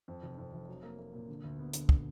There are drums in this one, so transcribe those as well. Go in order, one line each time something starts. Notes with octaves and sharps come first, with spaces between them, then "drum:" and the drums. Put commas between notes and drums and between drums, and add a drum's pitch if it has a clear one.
F2
F1
F2
F1
F#3
A#3
A#3
A#2
D3
D2
B3
D3, drum: hi-hat
drum: kick